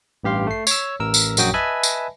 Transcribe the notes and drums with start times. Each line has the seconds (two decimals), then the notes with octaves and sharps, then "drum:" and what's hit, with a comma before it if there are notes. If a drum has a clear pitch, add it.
0.24 A1 G2 G4 F5 C6
0.47 A3 C7
0.67 C#5 E6, drum: tambourine
1.00 A1 A#4 E6
1.14 drum: tambourine
1.37 A#1 F#2 F#3 F#4 G5 D#6, drum: tambourine
1.54 B4 D#5 E5 G#5 A5 B5
1.83 drum: tambourine